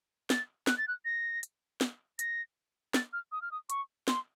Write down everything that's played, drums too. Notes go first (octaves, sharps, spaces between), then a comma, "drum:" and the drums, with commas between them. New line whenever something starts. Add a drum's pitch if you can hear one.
A6, drum: snare
F#6, drum: snare
A6
F#6
A#6
drum: hi-hat
drum: snare
A#6, drum: hi-hat
A6, drum: snare
F6
D#6
F6
D#6
C#6, drum: hi-hat
C6, drum: snare